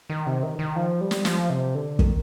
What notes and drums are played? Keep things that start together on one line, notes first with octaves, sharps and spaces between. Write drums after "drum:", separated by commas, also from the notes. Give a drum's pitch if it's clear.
D#3
C3
D#3
D#3
F3
G3
drum: snare
F3, drum: snare
C3
D3
D#3, drum: kick